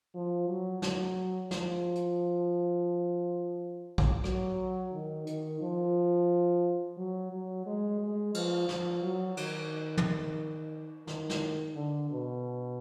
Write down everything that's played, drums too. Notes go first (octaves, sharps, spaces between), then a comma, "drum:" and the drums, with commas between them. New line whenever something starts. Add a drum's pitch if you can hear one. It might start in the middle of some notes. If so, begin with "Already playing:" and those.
F3
F#3
F#3, drum: snare
F3, drum: snare
drum: hi-hat
drum: kick
F#3, drum: rim click
D#3
D#3, drum: hi-hat
F3
F#3
F#3
G#3
G#3
F3, drum: cymbal
F3, drum: snare
F#3
D#3, drum: cymbal
drum: tom
D#3, drum: snare
drum: snare
D3
B2